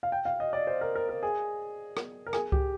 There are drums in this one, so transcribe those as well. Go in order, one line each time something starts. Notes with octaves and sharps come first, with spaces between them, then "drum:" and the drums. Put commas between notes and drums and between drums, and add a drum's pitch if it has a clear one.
F5
G5
F5
D#5
D5
C5
A#4
A#4
A#4
G#4
drum: rim click
A#4
G#4, drum: rim click
G4, drum: kick C#2